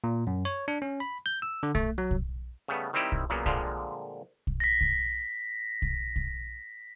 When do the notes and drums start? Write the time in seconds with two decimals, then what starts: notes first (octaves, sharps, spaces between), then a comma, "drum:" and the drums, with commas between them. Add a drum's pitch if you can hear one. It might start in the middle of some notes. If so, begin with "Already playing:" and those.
0.04 A#2
0.27 F#2
0.45 C#5
0.68 D4
0.82 C#4
1.00 B5
1.26 G6
1.42 E6
1.63 D3
1.75 A3, drum: kick
1.98 F#3
2.11 drum: kick
2.68 C#3 G3 A3 B3
2.93 D#3 G3 C4 D#4 E4 G4
3.12 drum: kick
3.30 A#2 C#3 F#3 A#3 B3
3.46 A#2 D3 F3 G3 G#3, drum: kick
4.47 drum: kick
4.60 A#6 B6
4.81 drum: kick
5.82 drum: kick
6.16 drum: kick